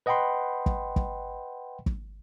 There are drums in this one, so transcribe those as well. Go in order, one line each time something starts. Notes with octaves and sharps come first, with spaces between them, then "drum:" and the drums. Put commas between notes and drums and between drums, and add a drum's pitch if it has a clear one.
B4 D#5 F#5 G5 B5 C6
drum: kick
drum: kick
drum: kick